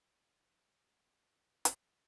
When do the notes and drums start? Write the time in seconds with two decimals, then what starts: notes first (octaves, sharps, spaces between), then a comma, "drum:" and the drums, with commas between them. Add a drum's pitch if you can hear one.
0.01 C5 C6
1.65 drum: hi-hat